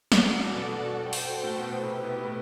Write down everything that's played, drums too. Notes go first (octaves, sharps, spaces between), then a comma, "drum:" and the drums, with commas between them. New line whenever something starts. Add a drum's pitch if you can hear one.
drum: snare
F#2 F#3 F#4 A4 D5
G2 G3
E2 E3
B2 B3
F#4 A4 C5 G5
drum: open hi-hat
A2 A3
B2 B3
B2 B3
C3 C4 E4 G4 B4
B2 B3
A2 A3